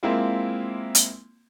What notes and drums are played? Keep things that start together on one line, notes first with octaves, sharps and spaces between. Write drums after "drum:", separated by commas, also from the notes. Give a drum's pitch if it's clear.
G#3 A#3 C4 E4 F4
drum: hi-hat